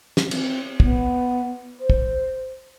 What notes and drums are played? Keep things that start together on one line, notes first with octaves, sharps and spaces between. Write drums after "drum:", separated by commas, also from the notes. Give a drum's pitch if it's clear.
drum: snare
C4, drum: cymbal
B3, drum: kick
C5
drum: kick